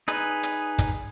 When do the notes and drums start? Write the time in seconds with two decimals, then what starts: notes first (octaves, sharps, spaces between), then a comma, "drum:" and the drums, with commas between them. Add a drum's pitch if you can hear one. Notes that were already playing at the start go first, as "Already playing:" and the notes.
0.08 D#4 G#4 B4, drum: hi-hat
0.43 drum: hi-hat
0.79 drum: kick, hi-hat